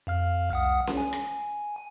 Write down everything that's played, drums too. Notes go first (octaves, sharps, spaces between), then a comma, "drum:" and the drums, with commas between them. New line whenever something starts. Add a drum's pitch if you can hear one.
F2 F5 F6
C2 F#5 D#6
drum: snare C#4
G#5
drum: rim click